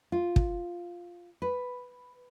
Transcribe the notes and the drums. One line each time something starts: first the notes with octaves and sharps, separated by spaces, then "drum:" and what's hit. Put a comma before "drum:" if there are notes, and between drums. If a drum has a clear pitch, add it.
F4
drum: kick
B4